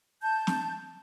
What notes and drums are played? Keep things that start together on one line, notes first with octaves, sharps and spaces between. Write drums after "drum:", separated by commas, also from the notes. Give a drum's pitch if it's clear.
A5 G6
drum: snare